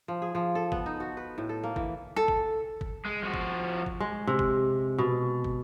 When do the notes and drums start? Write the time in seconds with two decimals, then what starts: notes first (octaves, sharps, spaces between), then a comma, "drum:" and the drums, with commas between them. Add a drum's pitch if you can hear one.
0.08 F3
0.22 G#4
0.35 F3
0.55 A4
0.72 B3, drum: kick
0.86 D#4
1.00 F#4
1.17 B4
1.38 A2
1.49 A4
1.63 A#3
1.76 E3, drum: kick
2.16 A4
2.28 drum: kick
2.81 drum: kick
3.06 G#3
3.23 F3 F#4
3.34 drum: kick
3.86 drum: kick
4.00 G#3
4.27 C3
4.39 drum: kick
4.98 B2
5.44 drum: kick